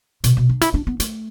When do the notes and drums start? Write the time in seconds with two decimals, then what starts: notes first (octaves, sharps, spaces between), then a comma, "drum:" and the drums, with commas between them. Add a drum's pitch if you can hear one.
0.24 B2, drum: hi-hat
0.37 B2
0.49 D4
0.61 E4, drum: hi-hat
0.74 D4
0.87 B3
1.00 A3, drum: hi-hat